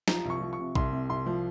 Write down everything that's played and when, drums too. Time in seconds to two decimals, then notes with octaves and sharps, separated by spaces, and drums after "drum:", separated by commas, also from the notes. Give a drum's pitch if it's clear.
0.08 F3 A#5, drum: snare
0.25 C2 C#6
0.41 F3
0.53 C#6
0.59 C3
0.75 C2 C6, drum: kick A#1
0.92 C3
1.10 C2 C6
1.26 F3